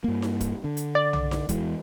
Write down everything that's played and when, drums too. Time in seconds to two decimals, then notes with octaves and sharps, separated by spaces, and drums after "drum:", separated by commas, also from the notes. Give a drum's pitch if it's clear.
0.04 G2 A#3
0.22 drum: snare D#4
0.40 drum: kick, hi-hat
0.64 D3
0.77 drum: hi-hat
0.95 D5
1.13 drum: tom B1
1.31 drum: snare D#4
1.49 E2 E3 G#3, drum: kick, hi-hat